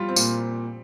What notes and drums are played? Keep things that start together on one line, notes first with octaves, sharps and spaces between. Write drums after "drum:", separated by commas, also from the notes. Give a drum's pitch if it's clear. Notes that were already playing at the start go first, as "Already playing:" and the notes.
Already playing: F3 G3 F4
C4
A#2, drum: tambourine